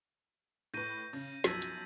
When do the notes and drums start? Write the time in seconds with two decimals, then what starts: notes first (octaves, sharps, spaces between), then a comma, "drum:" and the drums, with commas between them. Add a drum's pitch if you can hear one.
0.74 A2 B4 G6 A#6 D#7
1.13 C#3
1.44 B1 F#2 F3 E6 G#6 B6, drum: snare
1.62 drum: hi-hat